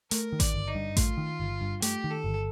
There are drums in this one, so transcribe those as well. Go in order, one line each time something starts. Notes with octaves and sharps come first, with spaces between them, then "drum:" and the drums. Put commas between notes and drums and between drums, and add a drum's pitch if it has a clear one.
A3 A#4, drum: hi-hat
D#3
D5, drum: kick A1, hi-hat
G1
D#4
G2
A3 F4, drum: kick A1, hi-hat
D#3
G1
G2
A3 G4, drum: hi-hat
D#3
A4
G1